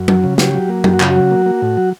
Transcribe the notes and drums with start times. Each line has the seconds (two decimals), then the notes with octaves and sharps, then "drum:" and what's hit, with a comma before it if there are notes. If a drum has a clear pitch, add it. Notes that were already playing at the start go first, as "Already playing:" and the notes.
Already playing: F#2
0.08 F#3, drum: tom F#3
0.24 C#3
0.38 F#3 G4, drum: snare
0.54 F#3
0.69 A#3
0.84 F#2 G4, drum: tom F#3
0.94 F#4
1.00 C#3 F4, drum: clap
1.11 F#4
1.16 F#3
1.31 A#3
1.46 A#3
1.62 A2
1.77 F#3